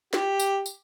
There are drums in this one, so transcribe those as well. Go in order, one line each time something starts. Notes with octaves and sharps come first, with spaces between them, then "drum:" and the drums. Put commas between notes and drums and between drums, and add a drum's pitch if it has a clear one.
G4, drum: snare
drum: tambourine
drum: tambourine